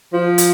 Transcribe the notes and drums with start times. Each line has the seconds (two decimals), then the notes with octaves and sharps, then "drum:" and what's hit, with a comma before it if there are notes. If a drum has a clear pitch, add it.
0.13 F3
0.38 drum: hi-hat